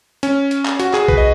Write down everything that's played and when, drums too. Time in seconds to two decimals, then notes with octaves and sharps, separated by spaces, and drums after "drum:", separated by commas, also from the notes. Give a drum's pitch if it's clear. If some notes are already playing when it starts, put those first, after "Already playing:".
0.23 C#4, drum: hi-hat
0.51 drum: hi-hat
0.65 drum: clap
0.79 F#4, drum: hi-hat
0.94 G#4, drum: clap
1.08 B4, drum: kick B1
1.17 D#5